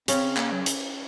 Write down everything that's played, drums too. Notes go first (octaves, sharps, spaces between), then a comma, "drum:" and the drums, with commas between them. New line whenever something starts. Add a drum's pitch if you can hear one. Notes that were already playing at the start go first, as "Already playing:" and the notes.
C#3 C4 C#4, drum: hi-hat
A#3, drum: clap
F#3
drum: hi-hat